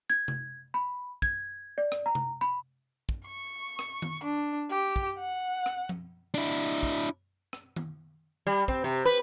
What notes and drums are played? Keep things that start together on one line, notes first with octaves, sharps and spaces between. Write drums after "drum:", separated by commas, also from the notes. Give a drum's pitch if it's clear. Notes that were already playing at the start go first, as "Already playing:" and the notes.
G#6
drum: tom C3
B5
G#6, drum: kick
D5
drum: rim click
A#5
drum: tom C3
B5
drum: kick
C#6
drum: rim click
drum: tom D#3
D4
G4
drum: kick
F#5
drum: rim click
drum: tom F3
D4 E4
drum: kick
drum: rim click
drum: tom D#3
G3
C4, drum: kick
C3
B4